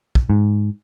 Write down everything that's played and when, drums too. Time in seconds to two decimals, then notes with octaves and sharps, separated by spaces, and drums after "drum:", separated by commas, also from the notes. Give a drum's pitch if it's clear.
0.15 drum: kick
0.30 G#2